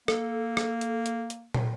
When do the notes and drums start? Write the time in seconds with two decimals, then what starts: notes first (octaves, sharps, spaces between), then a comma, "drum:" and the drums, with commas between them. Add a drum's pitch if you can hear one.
0.08 A#3 A4, drum: rim click
0.57 drum: rim click
0.81 drum: hi-hat
1.06 drum: hi-hat
1.30 drum: hi-hat
1.54 drum: tom